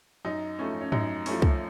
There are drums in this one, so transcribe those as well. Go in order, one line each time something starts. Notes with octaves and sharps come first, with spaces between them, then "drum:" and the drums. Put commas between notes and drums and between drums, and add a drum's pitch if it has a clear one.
F#2 D#4
F3 A3 C#4
C#4
F#2 D#4, drum: tom G#2
F3 A3 C#4, drum: open hi-hat
drum: kick